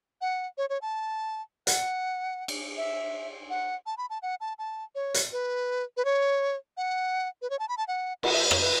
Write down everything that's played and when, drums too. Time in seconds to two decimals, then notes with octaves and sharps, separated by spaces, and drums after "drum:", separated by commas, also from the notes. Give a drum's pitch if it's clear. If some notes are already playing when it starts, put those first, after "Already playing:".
0.21 F#5
0.58 C#5
0.70 C#5
0.82 A5
1.67 F#5, drum: hi-hat
2.48 drum: cymbal
2.77 E5
3.50 F#5
3.86 A5
3.98 B5
4.10 A5
4.22 F#5
4.41 A5
4.59 A5
4.95 C#5
5.14 drum: hi-hat
5.32 B4
5.97 B4
6.05 C#5
6.77 F#5
7.42 B4
7.50 C#5
7.59 A5
7.69 B5
7.78 A5
7.88 F#5
8.23 F#5, drum: cymbal
8.33 E5
8.51 C#5, drum: rim click
8.61 B4